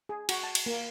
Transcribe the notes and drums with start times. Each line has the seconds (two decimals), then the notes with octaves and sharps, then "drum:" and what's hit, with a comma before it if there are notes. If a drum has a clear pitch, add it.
0.09 G#4
0.29 F#4, drum: cymbal
0.44 A5
0.55 drum: cymbal
0.66 A#3